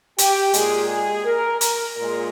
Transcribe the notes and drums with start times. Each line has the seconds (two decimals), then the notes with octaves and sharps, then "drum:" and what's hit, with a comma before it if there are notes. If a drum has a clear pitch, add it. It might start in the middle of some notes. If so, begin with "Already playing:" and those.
0.18 G4, drum: hi-hat
0.54 A#2 G#3 G#4, drum: hi-hat
0.90 G#4
1.25 A#4
1.61 A#4, drum: hi-hat
1.97 A#2 G#3